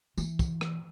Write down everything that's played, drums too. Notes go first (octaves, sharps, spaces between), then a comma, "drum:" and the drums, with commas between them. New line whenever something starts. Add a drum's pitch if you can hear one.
E3, drum: tambourine
drum: kick, tambourine
drum: rim click